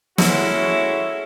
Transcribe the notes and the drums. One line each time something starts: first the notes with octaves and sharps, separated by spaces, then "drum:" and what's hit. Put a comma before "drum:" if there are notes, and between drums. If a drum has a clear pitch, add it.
G#3 A3 C#4 E4 F#4, drum: snare